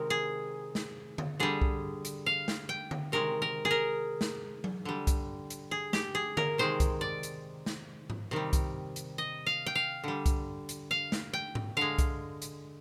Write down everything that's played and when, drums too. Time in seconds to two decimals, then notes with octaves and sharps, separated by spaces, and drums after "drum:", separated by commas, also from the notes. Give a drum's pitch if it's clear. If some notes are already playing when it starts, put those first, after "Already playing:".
Already playing: C3 D#3 G#3 A#4
0.10 G#4
0.75 drum: snare
1.18 drum: tom D3
1.40 D3 G3 G#4
1.61 drum: kick C2
2.05 drum: hi-hat
2.26 F5
2.48 drum: snare
2.69 G5
2.91 drum: tom D3
3.12 C3 D#3 G#3 A#4
3.42 A#4
3.65 G#4
3.71 A#4
4.21 drum: snare
4.64 drum: tom F#3
4.85 D3 G3
5.07 drum: kick C2, hi-hat
5.50 drum: hi-hat
5.71 G#4
5.93 G4, drum: snare
6.15 G#4
6.37 A#4, drum: tom D3
6.58 C3 D#3 G#3 C5
6.80 drum: kick C2, hi-hat
7.01 D5
7.23 drum: hi-hat
7.66 drum: snare
8.10 drum: tom G#2
8.31 C3 D#3 G3
8.53 drum: kick C2, hi-hat
8.96 drum: hi-hat
9.18 D#5
9.46 F5
9.66 G5
9.75 F5
10.04 D3 G3
10.26 drum: kick C2, hi-hat
10.69 drum: hi-hat
10.91 F5
11.12 drum: snare
11.33 G5
11.55 drum: tom G#2
11.77 D3 G#3 F5
11.98 drum: kick C2, hi-hat
12.42 drum: hi-hat